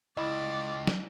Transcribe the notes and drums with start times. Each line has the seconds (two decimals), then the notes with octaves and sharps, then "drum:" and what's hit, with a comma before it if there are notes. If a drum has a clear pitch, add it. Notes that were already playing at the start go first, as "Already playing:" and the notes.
0.17 C#2 E4 D5 D#5 B5
0.87 drum: snare